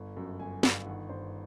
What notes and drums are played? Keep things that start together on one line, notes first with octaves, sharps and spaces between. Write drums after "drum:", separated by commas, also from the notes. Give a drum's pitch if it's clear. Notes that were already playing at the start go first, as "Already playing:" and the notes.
Already playing: G1
F#2
G1 G#5
G1 F5, drum: snare
D#3 F#5
G2 C5